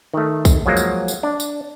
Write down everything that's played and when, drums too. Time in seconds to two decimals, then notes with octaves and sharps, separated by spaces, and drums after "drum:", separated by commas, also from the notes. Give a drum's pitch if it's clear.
0.13 D#3 A3
0.45 drum: kick, tambourine
0.66 F3 F#3 G#3 A#3
0.77 drum: tambourine
1.08 drum: tambourine
1.23 D4
1.40 drum: tambourine